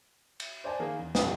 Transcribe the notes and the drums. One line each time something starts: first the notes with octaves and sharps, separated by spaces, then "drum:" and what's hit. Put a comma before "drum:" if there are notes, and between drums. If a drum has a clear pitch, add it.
drum: cymbal
C5 D5 G#5 A5
D#3 A#3 G#4
E2
F1 C2 B2 G5 D#6, drum: snare